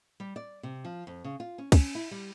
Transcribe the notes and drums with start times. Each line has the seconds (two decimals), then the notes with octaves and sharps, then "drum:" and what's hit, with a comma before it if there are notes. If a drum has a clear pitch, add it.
0.20 G3
0.36 D5
0.63 C3
0.85 F3
1.07 F2
1.24 C#3
1.40 F4
1.58 C#4
1.72 C#4, drum: kick, cymbal
1.95 E4
2.11 G3